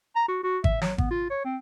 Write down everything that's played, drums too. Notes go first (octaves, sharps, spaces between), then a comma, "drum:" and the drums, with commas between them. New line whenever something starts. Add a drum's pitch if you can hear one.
A#5
F#4
F#4
E5, drum: kick G#1
F#3, drum: snare
B3, drum: kick G#1
F4
C#5
C4